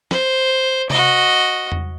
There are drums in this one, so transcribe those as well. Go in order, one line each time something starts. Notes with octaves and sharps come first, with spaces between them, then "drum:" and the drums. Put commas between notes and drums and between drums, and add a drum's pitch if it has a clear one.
C5, drum: snare
F#4 D#5, drum: tom C3
drum: tom E2